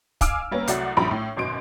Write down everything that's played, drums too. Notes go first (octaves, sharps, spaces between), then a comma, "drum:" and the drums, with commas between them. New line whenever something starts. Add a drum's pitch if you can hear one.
F5 G#5 D6 E6 F6 D7, drum: kick, hi-hat
G3 A#3 B3 C#4
C2 F#3 A3 D5 F#5, drum: hi-hat
A#1 F#2 F3 G3 A#5 B5
A2
G#1 F#2 B2 C6 D7